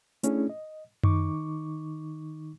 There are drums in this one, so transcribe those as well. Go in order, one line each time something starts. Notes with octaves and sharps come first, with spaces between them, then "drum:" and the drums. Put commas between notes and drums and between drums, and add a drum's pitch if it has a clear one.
A3 C#4 D4 E4 G#4, drum: hi-hat
D#5
D#3 D#4 C#6 D6, drum: tom F#2